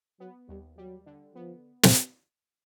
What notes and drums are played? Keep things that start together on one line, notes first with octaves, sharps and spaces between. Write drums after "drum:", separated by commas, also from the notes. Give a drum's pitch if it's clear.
F#3 B3
D#2 G3
F#3 G3
D3
F3 B3
drum: snare